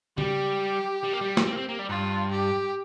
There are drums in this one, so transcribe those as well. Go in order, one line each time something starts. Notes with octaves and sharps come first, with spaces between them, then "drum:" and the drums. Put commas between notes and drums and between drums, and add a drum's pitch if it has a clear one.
G3 G4, drum: tom C#3
G3
A#3
G3
drum: snare
C4
A#3
C4
A#3
G3
G2 F4
G4